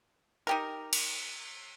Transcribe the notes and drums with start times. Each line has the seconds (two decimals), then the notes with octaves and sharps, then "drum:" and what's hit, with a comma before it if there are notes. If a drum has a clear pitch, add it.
0.47 D#4 G4 A#4
0.93 drum: cymbal